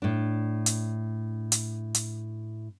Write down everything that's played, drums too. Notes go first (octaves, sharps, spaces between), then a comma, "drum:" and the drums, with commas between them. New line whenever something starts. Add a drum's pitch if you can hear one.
A2 D4
drum: hi-hat
drum: hi-hat
drum: hi-hat